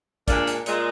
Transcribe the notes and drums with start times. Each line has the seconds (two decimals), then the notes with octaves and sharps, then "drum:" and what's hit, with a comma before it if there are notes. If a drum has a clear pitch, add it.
0.28 A#2 G#3 A#3 D4, drum: kick, hi-hat
0.47 drum: hi-hat
0.66 A#2 G#3, drum: hi-hat